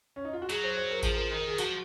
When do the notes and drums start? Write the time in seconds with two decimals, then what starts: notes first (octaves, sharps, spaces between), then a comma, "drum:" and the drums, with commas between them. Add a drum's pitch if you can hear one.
0.16 C#4
0.25 D#4
0.33 F4
0.42 F#4
0.50 F#3 G#4, drum: hi-hat
0.64 C5
0.77 C5
0.91 A#4
1.03 F3 G#4, drum: kick A1, hi-hat
1.14 A#4
1.31 D#3 A#4
1.48 G#4
1.58 F3 F#4, drum: hi-hat